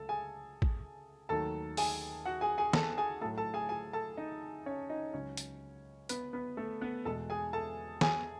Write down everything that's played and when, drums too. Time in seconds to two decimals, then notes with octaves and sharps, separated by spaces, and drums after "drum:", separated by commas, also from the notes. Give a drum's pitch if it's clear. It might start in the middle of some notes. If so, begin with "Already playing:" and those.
Already playing: C#2 F#3 A3 A4 A5
0.09 G#4 G#5
0.62 drum: kick
1.29 D#2 D#3 F#3 A3 A4 A5
1.77 G#4 G#5, drum: open hi-hat
2.25 F#4 F#5
2.41 G#4 G#5
2.58 G#4 G#5
2.73 A4 A5, drum: snare
2.98 G#4 G#5
3.21 A2 F#3 A3 A4 A5
3.38 A4 A5
3.54 G#4 G#5
3.69 G#4 G#5
3.93 A4 A5
4.17 D#4 D#5
4.66 C#4 C#5
4.90 D#4 D#5
5.13 C#2 C#3 F#3 C#4 C#5
5.37 drum: hi-hat
6.09 B3 B4, drum: hi-hat
6.33 B3 B4
6.57 A3 A4
6.81 B3 B4
7.05 E2 B2 G#3 A4 A5
7.30 G#4 G#5
7.53 A4 A5
8.01 G#4 G#5, drum: snare